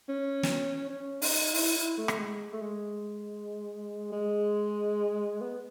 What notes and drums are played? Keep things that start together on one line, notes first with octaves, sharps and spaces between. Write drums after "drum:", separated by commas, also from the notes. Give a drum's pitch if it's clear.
C#4
drum: snare
C#4
D#4, drum: open hi-hat
E4, drum: open hi-hat
E4
A3
drum: rim click
G#3
A3
G#3
G#3
B3